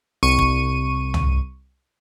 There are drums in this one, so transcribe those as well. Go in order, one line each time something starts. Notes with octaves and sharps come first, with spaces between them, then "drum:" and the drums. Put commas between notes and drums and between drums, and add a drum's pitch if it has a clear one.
C2 C#6 D#7
drum: kick
drum: tom